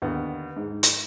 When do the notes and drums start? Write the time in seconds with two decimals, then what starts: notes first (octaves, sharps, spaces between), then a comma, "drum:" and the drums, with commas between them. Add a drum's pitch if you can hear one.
0.02 D#2 D3 B3
0.56 G#2
0.83 drum: hi-hat